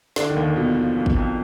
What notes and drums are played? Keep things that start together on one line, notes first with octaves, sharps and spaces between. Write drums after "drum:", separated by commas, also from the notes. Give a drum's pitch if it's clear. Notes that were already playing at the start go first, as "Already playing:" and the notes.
D3 D4, drum: snare
D#3
D#2
D#3
B2 F3
F3
F2
drum: kick
F2